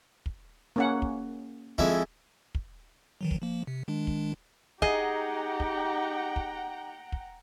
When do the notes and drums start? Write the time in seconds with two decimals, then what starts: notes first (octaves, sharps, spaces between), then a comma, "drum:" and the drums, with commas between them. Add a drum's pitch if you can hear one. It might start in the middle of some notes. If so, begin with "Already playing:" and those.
0.26 drum: kick
0.76 A#3 C#4 F#5
1.02 drum: kick
1.78 F2 G#3 E4, drum: kick
2.55 drum: kick
3.21 D#3 E3 F#3
3.31 drum: kick
3.42 F3 A#3
3.67 C3
3.88 D#3 G#3 D4
4.07 drum: kick
4.82 D#4 G4 G#4 D#5 F#5 G5 A#5, drum: kick
5.60 drum: kick
6.36 drum: kick
7.12 drum: kick